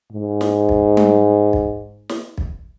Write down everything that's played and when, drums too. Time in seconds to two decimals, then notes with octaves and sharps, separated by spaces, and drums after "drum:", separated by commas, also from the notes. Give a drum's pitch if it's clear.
0.13 G#2
0.41 drum: snare
0.69 drum: kick
0.97 drum: tom G3
1.53 drum: kick
2.09 drum: snare
2.38 drum: kick